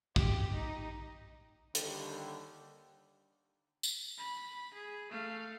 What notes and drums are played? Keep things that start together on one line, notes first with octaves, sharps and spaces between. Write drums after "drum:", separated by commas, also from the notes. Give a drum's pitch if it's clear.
G4, drum: kick
D#4
D#2 D3 G3 G4, drum: hi-hat
drum: tambourine
B5
G#4
A3 F5